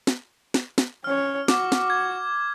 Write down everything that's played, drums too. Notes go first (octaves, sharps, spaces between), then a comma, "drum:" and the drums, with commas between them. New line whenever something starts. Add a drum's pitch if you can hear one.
drum: snare
drum: snare
drum: snare
C#4 C#5 F6
F#4 D6, drum: snare
drum: snare
G#6